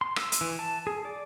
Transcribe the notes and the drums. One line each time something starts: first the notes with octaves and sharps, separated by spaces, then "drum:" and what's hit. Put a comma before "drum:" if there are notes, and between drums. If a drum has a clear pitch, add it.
C6
E6, drum: rim click
drum: hi-hat
E3
A5
G#4
D5